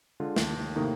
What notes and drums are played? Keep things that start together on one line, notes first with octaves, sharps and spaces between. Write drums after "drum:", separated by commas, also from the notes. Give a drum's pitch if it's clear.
D3 G#3 F4
D#2, drum: snare
A2 C3 D#3 A#3 D#4